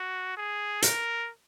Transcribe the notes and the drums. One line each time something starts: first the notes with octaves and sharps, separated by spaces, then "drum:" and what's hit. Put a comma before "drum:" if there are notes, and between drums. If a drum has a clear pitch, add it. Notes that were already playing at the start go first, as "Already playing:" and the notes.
Already playing: F#4
G#4
A#4, drum: hi-hat